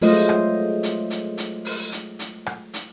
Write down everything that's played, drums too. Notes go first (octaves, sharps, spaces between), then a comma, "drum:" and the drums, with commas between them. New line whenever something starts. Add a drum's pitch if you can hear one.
F#3 G#3 A3 F4 C5 D#5, drum: open hi-hat
drum: rim click
drum: hi-hat
drum: hi-hat
drum: hi-hat
drum: open hi-hat
drum: hi-hat
drum: hi-hat
drum: rim click
drum: hi-hat